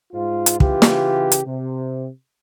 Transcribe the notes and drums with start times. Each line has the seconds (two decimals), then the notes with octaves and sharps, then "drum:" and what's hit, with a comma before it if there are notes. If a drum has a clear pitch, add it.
0.13 G#2 F4
0.46 drum: hi-hat
0.60 C#3 E3 F4 G4, drum: kick
0.82 drum: snare
1.32 drum: hi-hat
1.46 C3